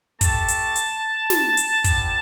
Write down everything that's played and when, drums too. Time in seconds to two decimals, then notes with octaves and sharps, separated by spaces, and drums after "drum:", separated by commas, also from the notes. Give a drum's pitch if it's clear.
0.21 A3 G4 A5, drum: kick, hi-hat
0.48 drum: hi-hat
0.76 drum: hi-hat
1.30 drum: snare
1.57 drum: hi-hat
1.84 G3 B3 E4 G4, drum: kick, hi-hat